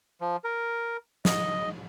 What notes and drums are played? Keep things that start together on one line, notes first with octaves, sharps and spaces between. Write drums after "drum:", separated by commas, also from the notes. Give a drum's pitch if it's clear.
F3
A#4
D#5, drum: snare